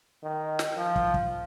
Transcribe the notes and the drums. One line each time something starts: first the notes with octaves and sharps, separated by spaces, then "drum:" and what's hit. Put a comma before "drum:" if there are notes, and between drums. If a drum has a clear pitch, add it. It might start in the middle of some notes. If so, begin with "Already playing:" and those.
D#3
drum: snare
F3
drum: kick
drum: kick